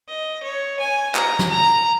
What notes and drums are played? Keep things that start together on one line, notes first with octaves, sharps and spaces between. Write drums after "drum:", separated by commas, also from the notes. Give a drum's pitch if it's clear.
D#5
C#5
G#5
A#5, drum: clap
drum: snare
A#5